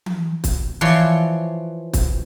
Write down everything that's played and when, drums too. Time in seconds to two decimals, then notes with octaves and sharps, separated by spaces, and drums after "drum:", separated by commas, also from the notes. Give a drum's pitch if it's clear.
0.06 drum: tom E3
0.44 drum: kick, hi-hat
0.81 E3 F3 C#5 D5 C6
1.93 drum: kick, hi-hat